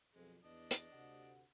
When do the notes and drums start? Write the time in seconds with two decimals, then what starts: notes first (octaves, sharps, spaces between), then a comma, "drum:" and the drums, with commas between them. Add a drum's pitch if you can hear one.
0.14 B1 F2 G#3
0.44 E2 D4 D#5
0.71 drum: hi-hat
0.93 D2 C3 F#5